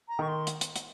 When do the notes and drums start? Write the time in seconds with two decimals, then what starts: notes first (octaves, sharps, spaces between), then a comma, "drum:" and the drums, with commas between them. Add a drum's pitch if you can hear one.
0.08 A#5
0.19 D#3 C#6
0.28 C6
0.47 drum: hi-hat
0.61 drum: hi-hat
0.76 drum: hi-hat